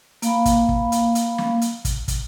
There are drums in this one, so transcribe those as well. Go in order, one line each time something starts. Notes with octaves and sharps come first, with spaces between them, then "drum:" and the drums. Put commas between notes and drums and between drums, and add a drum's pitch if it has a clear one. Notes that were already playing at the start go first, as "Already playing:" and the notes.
A#3 F5 B5, drum: hi-hat
drum: kick, hi-hat
drum: kick
drum: hi-hat
drum: hi-hat
drum: snare
drum: hi-hat
drum: kick, hi-hat
drum: kick, hi-hat